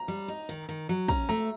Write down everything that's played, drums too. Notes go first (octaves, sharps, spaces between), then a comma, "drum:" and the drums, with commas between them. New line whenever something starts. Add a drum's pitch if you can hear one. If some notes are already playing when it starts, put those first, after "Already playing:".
Already playing: A#5
G3
D#4
D#3, drum: hi-hat
D#3
F#3
C#4 A#5, drum: kick
A3 A#5